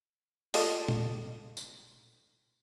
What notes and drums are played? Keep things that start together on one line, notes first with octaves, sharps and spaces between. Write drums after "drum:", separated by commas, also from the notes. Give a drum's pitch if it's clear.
F4 A4 D#5, drum: open hi-hat
drum: tom A#2
drum: tambourine